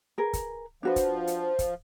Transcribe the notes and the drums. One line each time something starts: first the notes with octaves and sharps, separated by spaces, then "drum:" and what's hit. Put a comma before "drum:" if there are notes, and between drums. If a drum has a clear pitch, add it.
G#4 A#4 B4
drum: kick, hi-hat
F3 D4 F#4 B4
drum: kick, hi-hat
drum: hi-hat
drum: kick, hi-hat